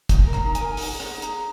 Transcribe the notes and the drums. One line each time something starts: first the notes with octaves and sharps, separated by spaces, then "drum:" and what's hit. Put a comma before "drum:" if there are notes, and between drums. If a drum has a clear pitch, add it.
D#4 G#5, drum: kick, hi-hat
A#4
A#5, drum: rim click
D#4 A#5
G#5, drum: hi-hat
A#4
G#5
D#4 F#5, drum: open hi-hat
G#4
F#5, drum: rim click
D#4
A#5, drum: hi-hat
G#4